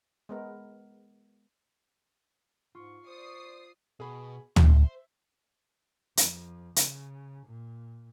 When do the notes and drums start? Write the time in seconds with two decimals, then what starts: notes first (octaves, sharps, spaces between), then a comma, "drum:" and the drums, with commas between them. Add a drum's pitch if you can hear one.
0.29 G#3 B3 A#4
2.75 G#2 F4 C#6
3.07 C5 D5 D#6 C7
4.00 B2 G#4 B5
4.56 C5 E5 C6, drum: tom
6.17 F2, drum: hi-hat
6.76 C#3, drum: hi-hat
7.46 A#2